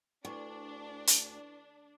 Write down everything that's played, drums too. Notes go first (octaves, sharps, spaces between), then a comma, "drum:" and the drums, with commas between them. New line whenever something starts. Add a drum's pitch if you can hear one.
D2 D4 E4 B4 C#6
drum: hi-hat